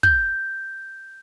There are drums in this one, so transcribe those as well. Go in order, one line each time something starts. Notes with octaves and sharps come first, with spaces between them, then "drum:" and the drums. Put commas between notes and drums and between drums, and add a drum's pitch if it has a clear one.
G6, drum: kick